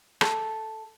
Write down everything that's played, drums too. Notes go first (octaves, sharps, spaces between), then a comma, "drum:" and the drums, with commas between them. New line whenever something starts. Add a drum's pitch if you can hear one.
A4, drum: rim click